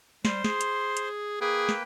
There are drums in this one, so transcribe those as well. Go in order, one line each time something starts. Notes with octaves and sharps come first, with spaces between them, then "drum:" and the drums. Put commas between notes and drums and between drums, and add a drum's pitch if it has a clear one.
G3 C5 C6, drum: snare
G#4, drum: snare
drum: hi-hat
drum: hi-hat
A#3 G#4 B4 G5
drum: snare